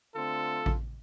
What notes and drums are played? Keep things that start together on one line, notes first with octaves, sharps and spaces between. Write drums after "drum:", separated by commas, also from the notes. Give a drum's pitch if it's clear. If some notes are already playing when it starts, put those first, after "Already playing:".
D3 A3 C4 F4 A4
drum: kick A1